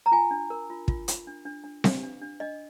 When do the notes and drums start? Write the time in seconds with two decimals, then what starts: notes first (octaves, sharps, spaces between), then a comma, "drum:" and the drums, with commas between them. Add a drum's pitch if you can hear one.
0.06 A#5
0.12 F4 G#5
0.31 D4
0.50 A#4
0.70 F4
0.88 F4, drum: kick
1.08 F4, drum: hi-hat
1.27 D4
1.45 D4
1.64 D4
1.84 D4, drum: snare C4
2.03 D4
2.22 D4
2.40 D4 D#5